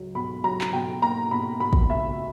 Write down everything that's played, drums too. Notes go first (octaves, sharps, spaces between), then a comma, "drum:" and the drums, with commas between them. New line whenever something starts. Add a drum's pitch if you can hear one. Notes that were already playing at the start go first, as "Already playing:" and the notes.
Already playing: C#2 F#3
B2 B5
F#3 A#5
drum: clap
B2 G5
A#3 A#5
B2 B5
B2 B5
drum: kick
C#2 E5